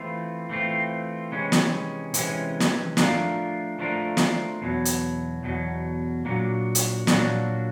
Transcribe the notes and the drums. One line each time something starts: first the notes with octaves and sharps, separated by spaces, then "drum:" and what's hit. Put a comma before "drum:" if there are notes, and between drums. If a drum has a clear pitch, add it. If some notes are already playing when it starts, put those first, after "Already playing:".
Already playing: E3 A3 C4 F4
E3 A3 C4 F4
C3 E3 G#3 C#4
drum: snare
C3 E3 G#3 C#4, drum: hi-hat
drum: snare
F3 A3 D4 F4 A#4, drum: snare
F3 A3 D4 F4 A#4
drum: snare
E2 B2 F#3
drum: hi-hat
E2 B2 F#3
A#2 F#3 A#3 D4 F#4
drum: hi-hat
A#2 F#3 A#3 D4 F#4, drum: snare